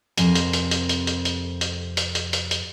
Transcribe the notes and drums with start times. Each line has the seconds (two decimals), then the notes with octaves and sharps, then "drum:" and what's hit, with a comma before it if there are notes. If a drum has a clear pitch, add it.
0.18 F2 C3 A#4 C5 G#5, drum: hi-hat
0.35 drum: hi-hat
0.53 drum: hi-hat
0.71 drum: hi-hat
0.89 drum: hi-hat
1.07 drum: hi-hat
1.25 drum: hi-hat
1.61 drum: hi-hat
1.97 drum: hi-hat
2.15 drum: hi-hat
2.33 drum: hi-hat
2.51 drum: hi-hat